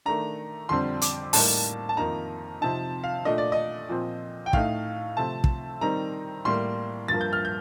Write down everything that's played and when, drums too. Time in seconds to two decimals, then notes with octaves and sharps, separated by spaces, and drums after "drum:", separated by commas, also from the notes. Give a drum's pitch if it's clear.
0.05 D#3 A3 D4 A#5
0.69 F2 D3 G3 C4 C6
1.02 D6, drum: hi-hat
1.33 A2 G3 A#3 D#4 A5, drum: open hi-hat
1.89 A5
1.97 F2 D#3 A#3 D#4 A#5
2.61 C3 F3 C4 D#4 A5
3.04 F5
3.25 A#2 A3 D4 D#5
3.38 D5
3.52 D#5
3.89 A#2 F3 C4
4.46 G5
4.53 A2 A3 D#4 F5, drum: kick
5.17 C3 F3 A3 C4 A5
5.44 drum: kick
5.81 D#3 G3 C4 D#4 A#5
6.45 A2 G3 A#3 C6
7.08 G2 F3 A#3 A6
7.21 G6
7.33 F6
7.45 G6